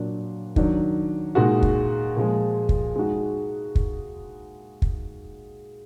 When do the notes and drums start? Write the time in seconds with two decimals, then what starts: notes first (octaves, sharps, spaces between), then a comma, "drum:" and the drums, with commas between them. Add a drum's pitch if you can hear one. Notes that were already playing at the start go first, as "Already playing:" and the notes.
Already playing: A#2 F#3 D4
0.56 D#3 F#3 D4, drum: kick
1.35 A#2 G#3 D#4 F#4
1.62 drum: kick
2.16 A#2 F3 G#3
2.69 drum: kick
2.95 G#3 D#4 F#4
3.75 drum: kick
4.82 drum: kick